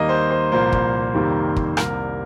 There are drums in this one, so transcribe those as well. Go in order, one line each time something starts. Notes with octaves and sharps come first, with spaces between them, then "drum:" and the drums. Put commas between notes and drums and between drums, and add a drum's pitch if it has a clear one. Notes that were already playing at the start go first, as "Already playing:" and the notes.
Already playing: D#2 D#3 G3 A#3 D#5
C5
C5
C2 A#2 F3 A#3 C5
drum: kick
F2 C3 D#3 G3 A#3
drum: kick
C2 C3 G3 A#3 A#4, drum: rim click